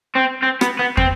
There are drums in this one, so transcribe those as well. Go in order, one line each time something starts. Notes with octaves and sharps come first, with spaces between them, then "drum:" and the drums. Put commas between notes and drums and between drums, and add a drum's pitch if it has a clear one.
C4
C4
B3, drum: rim click
B3
C4, drum: kick